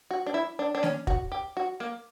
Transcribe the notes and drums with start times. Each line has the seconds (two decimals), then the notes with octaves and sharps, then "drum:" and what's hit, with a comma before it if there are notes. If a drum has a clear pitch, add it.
0.11 F#4
0.27 D4
0.34 E4
0.59 D4
0.75 D4
0.83 C#4, drum: snare
1.07 F#4, drum: kick
1.32 G4
1.57 F#4
1.80 A#3